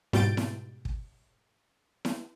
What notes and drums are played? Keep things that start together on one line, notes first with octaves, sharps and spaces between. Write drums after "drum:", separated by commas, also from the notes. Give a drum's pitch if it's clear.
G#2 B2 G3 G6 A6 D7, drum: snare E4
drum: snare E4
drum: kick
drum: snare E4